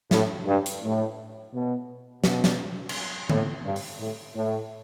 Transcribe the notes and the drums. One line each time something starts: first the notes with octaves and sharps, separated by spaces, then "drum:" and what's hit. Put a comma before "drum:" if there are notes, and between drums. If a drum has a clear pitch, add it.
A2, drum: snare
G2
drum: hi-hat
A2
B2
B2, drum: snare
drum: snare
drum: cymbal
A2, drum: tom D3
G2
drum: open hi-hat
A2
A2